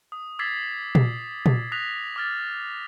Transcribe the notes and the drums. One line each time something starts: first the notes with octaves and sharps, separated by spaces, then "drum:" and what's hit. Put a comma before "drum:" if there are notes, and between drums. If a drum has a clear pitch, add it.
D#6
D6 E6 G#6 A6 B6 C7
C7, drum: tom A#2
drum: tom A#2
D#6 F#6 A#6 B6 F7
D6 F6 A6